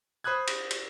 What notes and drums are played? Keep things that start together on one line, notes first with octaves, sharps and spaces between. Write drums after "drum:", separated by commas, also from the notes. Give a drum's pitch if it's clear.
C5 B5 D#6 F#6 G#6
drum: cymbal
drum: cymbal